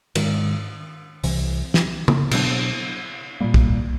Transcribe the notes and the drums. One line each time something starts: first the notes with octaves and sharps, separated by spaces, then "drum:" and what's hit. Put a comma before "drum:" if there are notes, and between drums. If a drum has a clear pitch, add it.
G#2 D#3 G#3, drum: cymbal
C2 C3 E3, drum: open hi-hat
drum: snare
drum: tom C#3
B2 F#3 B3 D4, drum: cymbal
A#2 G3 A#3
drum: kick